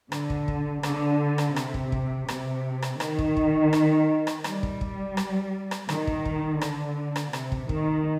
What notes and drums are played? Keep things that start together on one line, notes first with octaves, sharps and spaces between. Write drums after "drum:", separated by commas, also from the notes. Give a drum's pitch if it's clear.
D3, drum: rim click
drum: kick
drum: kick
D3, drum: rim click
drum: rim click
C3, drum: rim click
drum: kick
drum: kick
C3, drum: rim click
drum: rim click
D#3, drum: rim click
drum: kick
drum: kick
drum: rim click
drum: rim click
G3, drum: rim click
drum: kick
drum: kick
drum: rim click
drum: rim click
D#3, drum: rim click
drum: kick
drum: kick
D3, drum: rim click
drum: rim click
C3, drum: rim click
drum: kick
D#3, drum: kick